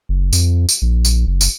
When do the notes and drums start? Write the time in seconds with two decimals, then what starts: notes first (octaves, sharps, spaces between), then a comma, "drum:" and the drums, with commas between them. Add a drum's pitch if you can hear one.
0.09 F#1
0.33 F2, drum: tambourine
0.69 drum: tambourine
0.82 A#1
1.05 drum: tambourine
1.27 F#1
1.41 drum: tambourine